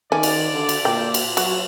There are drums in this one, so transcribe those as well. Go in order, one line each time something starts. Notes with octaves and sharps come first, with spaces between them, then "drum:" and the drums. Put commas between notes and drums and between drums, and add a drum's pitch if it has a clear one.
D#3 C#4 D5
drum: cymbal
D3
drum: cymbal
A#2 G5
drum: cymbal
F#3 F#4, drum: cymbal